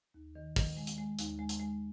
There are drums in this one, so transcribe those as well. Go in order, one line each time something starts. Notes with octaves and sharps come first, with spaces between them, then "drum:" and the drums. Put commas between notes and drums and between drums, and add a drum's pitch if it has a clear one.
D#2
D#3
D#3, drum: kick, open hi-hat
G#3
drum: hi-hat
G#3
D#2, drum: hi-hat
G#3
drum: hi-hat
G#3